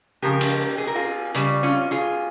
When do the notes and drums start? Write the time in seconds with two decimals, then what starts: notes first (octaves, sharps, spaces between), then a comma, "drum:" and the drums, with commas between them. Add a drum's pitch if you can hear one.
0.22 C#3 F3 G#3 G4 A#4
0.41 drum: cymbal
0.78 G#4
0.87 A#4
0.95 F4 G#4
1.35 C#3 G3, drum: hi-hat
1.63 C#4 F4
1.91 F4 G#4